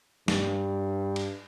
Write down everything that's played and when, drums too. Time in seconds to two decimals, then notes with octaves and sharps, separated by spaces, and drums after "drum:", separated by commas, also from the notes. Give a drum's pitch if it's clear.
0.28 G2, drum: snare
1.16 drum: cymbal